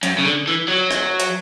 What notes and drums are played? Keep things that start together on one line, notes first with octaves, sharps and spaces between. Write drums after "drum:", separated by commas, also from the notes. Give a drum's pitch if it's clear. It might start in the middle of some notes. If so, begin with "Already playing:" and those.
F#2, drum: hi-hat
C#3
D3
E3
F#3
drum: rim click
drum: hi-hat